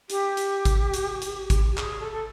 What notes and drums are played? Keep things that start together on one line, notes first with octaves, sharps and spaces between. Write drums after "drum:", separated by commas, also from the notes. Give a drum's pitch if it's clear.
G4, drum: hi-hat
drum: hi-hat
drum: kick G#1, hi-hat
drum: hi-hat
drum: hi-hat
drum: kick G#1, hi-hat
G4
G#4, drum: clap
A4
A4